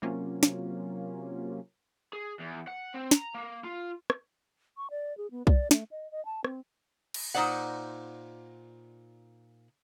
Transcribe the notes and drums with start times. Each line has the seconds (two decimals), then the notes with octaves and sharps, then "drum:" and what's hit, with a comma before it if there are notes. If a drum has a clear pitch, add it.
0.02 C3 F#3 A#3 C#4 F4
0.43 drum: snare
2.13 G#4
2.40 E2
2.68 F#5
2.94 C4
3.11 A#5, drum: snare
3.34 A#3
3.64 F4
4.10 drum: rim click
4.77 C#6
4.90 D5
5.18 G#4
5.31 B3
5.47 D5, drum: kick B1
5.71 A3, drum: snare
5.91 D#5
6.11 D#5
6.25 A5
6.45 C4, drum: rim click
7.14 drum: cymbal
7.34 A#2 D#4 C5 D5 F#5